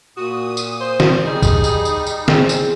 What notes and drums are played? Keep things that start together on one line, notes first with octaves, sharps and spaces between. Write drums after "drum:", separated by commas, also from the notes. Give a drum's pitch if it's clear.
A#2 F#4 D#6
drum: tambourine
C5
drum: snare
G3 D#4 G#4
drum: kick, tambourine
drum: tambourine
drum: tambourine
drum: tambourine
C4 G#4, drum: snare
drum: tambourine